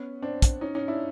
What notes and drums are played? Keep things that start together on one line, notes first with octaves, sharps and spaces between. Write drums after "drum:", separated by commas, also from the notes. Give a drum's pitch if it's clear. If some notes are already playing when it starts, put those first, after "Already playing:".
Already playing: B3 C#4
C4 D4
drum: kick, hi-hat
C#4 D#4
C#4 D#4
D4 E4